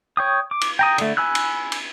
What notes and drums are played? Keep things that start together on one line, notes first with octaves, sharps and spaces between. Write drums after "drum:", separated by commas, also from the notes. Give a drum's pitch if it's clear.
C#5 G5 D#6
D6
drum: cymbal
G5 A#5 D#6
D3 A3, drum: cymbal
G#5 B5 E6 F#6
drum: cymbal
drum: cymbal